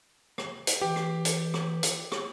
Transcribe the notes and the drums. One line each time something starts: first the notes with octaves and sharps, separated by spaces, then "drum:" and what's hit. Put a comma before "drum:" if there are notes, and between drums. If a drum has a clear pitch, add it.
drum: rim click
drum: hi-hat
E3 G4
drum: rim click
drum: hi-hat
drum: rim click
drum: hi-hat
drum: rim click